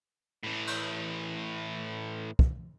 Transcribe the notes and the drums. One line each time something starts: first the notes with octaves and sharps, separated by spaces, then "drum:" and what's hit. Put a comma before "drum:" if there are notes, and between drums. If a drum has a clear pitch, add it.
A2 E3
drum: cymbal
drum: kick